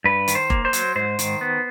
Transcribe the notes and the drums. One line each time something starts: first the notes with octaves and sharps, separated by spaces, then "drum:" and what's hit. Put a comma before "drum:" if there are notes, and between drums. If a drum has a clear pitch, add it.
G2 B4
D#3, drum: hi-hat
C5
A#3, drum: kick F1
C5
F#3, drum: hi-hat
G#2 C5
D#3, drum: hi-hat
B3